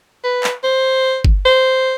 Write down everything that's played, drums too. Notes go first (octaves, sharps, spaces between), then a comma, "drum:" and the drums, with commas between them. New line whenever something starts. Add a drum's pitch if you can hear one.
B4
drum: clap
C5
drum: kick G1
C5